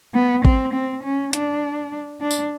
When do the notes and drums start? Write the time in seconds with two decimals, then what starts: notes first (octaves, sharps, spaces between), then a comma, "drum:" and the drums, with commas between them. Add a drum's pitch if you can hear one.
0.14 B3
0.45 C4, drum: kick
0.73 C4
1.03 C#4
1.33 D4, drum: hi-hat
2.21 D4
2.31 drum: tambourine